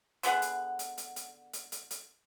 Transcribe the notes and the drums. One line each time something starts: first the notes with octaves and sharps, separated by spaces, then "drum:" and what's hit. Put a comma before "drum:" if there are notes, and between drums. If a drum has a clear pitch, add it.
D3 B3 G#4 F#5, drum: hi-hat
drum: hi-hat
drum: hi-hat
drum: hi-hat
drum: hi-hat
drum: hi-hat
drum: hi-hat
drum: hi-hat